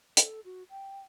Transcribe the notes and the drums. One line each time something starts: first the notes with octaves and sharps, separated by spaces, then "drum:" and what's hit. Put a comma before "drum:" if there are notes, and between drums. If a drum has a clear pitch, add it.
A4, drum: hi-hat
F#4
G5